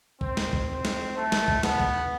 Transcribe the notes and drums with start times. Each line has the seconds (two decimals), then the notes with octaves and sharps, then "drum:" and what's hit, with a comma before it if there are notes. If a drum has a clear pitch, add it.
0.21 C4, drum: kick
0.37 drum: snare
0.53 drum: kick
0.69 C4
0.85 drum: snare
1.17 A3
1.32 drum: snare
1.48 drum: kick
1.63 B3, drum: snare
1.80 drum: kick